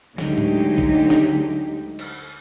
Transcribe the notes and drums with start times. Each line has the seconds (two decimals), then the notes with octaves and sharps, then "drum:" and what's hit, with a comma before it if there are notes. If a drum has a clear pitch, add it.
0.18 D2 D3 F#3 G#3 D#4 G4, drum: snare
0.38 drum: tom G#2
0.78 drum: kick
1.10 drum: snare
1.99 drum: cymbal